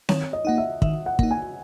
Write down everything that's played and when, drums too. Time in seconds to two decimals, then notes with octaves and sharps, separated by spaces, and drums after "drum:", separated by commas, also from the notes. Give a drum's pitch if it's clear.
0.09 D#3 C#5, drum: snare C4
0.33 D#5
0.45 A#3 D#4 F#5
0.58 E5
0.82 D#3 E5, drum: kick
1.06 F#5
1.19 A#3 D#4, drum: kick
1.31 G#5